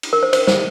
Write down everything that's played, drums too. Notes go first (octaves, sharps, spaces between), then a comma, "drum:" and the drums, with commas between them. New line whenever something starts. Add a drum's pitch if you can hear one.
drum: cymbal
A#4
C5
C5, drum: cymbal
C5, drum: snare